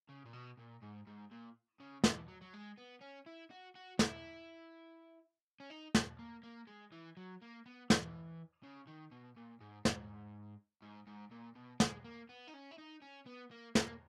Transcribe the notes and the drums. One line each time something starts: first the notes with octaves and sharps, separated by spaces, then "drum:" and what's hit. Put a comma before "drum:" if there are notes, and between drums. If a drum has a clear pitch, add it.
C#3
A#2
B2
A#2
G#2
G#2
A#2
C#3
E3, drum: snare
F#3
F#3
G#3
B3
C#4
E4
F#4
F#4
E4, drum: snare
C#4
D#4
drum: snare
A#3
A#3
G#3
E3
F#3
A#3
B3
E3, drum: snare
C#3
D#3
B2
A#2
G#2
G#2, drum: snare
G#2
G#2
A#2
B2
G#3, drum: snare
A#3
B3
D#4
C#4
E4
D#4
C#4
B3
A#3
A#3, drum: snare